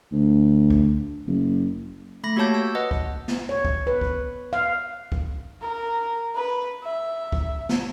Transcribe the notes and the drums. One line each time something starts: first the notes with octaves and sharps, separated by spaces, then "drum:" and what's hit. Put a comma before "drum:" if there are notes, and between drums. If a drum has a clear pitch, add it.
D2
drum: kick
F#1
A3 B5 A#6
A#3 F#4 G4 C#5 A5 G6
E6
B4 D#5 F#5
drum: kick
drum: snare
C#5
drum: kick
B4
drum: kick
F5
drum: kick
A#4
B4
E5
drum: kick
drum: snare